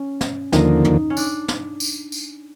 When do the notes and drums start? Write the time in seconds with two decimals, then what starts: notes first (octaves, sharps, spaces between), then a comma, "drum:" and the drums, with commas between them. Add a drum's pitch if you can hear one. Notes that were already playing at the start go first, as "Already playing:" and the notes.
Already playing: C#4
0.21 drum: snare
0.52 D#2 D3 F3 A#3 D#4, drum: snare
0.85 drum: tom
1.10 C#4
1.17 D4, drum: tambourine
1.48 drum: snare
1.80 drum: tambourine
2.12 drum: tambourine